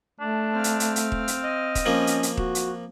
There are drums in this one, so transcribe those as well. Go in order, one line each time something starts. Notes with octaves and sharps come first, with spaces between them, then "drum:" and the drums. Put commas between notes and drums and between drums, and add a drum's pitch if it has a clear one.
A3 D4
C4 F5
drum: hi-hat
drum: hi-hat
drum: hi-hat
drum: kick D#1
drum: hi-hat
D#5
drum: kick D#1, hi-hat
F3 A#3 C#4
drum: hi-hat
drum: hi-hat
F#4, drum: kick D#1
drum: hi-hat